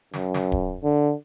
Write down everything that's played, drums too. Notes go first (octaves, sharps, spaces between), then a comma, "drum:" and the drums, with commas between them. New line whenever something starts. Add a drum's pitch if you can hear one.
F#2, drum: snare
drum: snare
drum: kick D1
D3